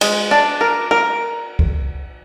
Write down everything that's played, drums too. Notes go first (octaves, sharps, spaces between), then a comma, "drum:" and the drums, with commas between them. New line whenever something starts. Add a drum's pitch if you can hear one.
G#3, drum: cymbal
D4
A#4
A#4
drum: kick C2